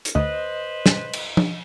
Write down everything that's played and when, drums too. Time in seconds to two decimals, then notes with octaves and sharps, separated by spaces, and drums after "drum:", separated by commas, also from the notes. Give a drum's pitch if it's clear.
0.05 drum: hi-hat
0.15 D2 B4 C5 D#5
0.86 drum: snare
1.13 drum: cymbal
1.37 drum: tom F3